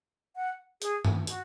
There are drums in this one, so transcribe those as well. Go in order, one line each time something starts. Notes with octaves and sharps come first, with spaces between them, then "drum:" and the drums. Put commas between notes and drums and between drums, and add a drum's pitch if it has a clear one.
F#5
G#4, drum: hi-hat
drum: tom G2
F#4, drum: hi-hat